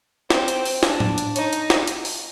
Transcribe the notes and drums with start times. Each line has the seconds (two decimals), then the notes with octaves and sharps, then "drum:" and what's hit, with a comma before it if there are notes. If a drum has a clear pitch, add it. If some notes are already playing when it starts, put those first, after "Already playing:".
0.30 C4, drum: snare
0.48 drum: hi-hat
0.65 drum: open hi-hat
0.83 D4, drum: snare
1.00 drum: tom A2
1.18 drum: hi-hat
1.36 D#4, drum: hi-hat
1.53 drum: hi-hat
1.70 drum: snare
1.88 drum: hi-hat
2.05 drum: open hi-hat